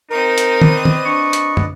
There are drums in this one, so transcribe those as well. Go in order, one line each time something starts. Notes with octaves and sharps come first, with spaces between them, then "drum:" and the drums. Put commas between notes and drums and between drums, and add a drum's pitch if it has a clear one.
C4 D#4 A#4 D#6
drum: hi-hat
B4 D5 D#5, drum: tom
drum: tom
D4 C#6
drum: hi-hat
drum: tom